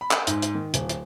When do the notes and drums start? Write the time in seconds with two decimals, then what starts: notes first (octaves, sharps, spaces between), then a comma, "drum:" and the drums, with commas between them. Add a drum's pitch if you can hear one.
0.01 B5
0.11 drum: clap
0.27 G#2, drum: hi-hat
0.42 drum: hi-hat
0.55 D#3
0.74 D1, drum: hi-hat
0.89 drum: hi-hat